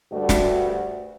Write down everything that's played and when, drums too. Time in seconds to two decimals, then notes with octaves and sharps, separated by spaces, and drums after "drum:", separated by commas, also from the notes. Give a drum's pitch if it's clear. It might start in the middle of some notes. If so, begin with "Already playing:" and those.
0.12 D2 G2 G3 A3 F#4 D5
0.29 drum: snare